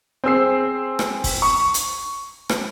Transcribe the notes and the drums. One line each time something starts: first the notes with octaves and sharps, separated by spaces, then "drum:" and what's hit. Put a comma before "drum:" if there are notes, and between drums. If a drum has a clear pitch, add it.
C4 G#4 E6 C7
drum: rim click
drum: kick, open hi-hat
C#6
drum: hi-hat
drum: rim click